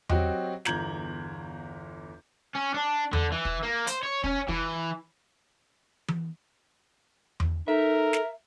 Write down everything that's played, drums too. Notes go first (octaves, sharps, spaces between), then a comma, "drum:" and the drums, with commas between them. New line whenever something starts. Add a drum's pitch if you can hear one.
F#3 C4 F#4 G4 D#5, drum: tom E2
G1 E2 A#5 G6 G#6 F#7, drum: snare
C#4
D4
D3, drum: tom E2
E3
drum: kick
A#3
C5, drum: hi-hat
C#5
C#4, drum: kick
E3, drum: kick
drum: tom E3
drum: tom E2
D#4 A4 A#4 E5
drum: snare